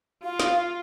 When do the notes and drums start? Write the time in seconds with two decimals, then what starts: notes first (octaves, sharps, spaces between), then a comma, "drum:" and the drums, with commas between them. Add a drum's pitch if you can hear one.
0.24 F4 F5
0.40 drum: snare